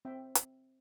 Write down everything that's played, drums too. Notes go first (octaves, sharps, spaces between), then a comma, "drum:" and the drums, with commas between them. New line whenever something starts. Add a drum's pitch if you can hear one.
C4 E5 G5
drum: hi-hat